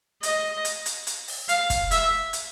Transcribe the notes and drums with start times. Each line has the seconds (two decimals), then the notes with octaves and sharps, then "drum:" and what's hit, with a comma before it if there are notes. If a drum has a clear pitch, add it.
0.23 D#5, drum: hi-hat
0.65 drum: hi-hat
0.86 drum: hi-hat
1.07 drum: hi-hat
1.28 drum: open hi-hat
1.49 F5, drum: hi-hat
1.70 drum: kick, hi-hat
1.91 E5, drum: hi-hat
2.33 drum: hi-hat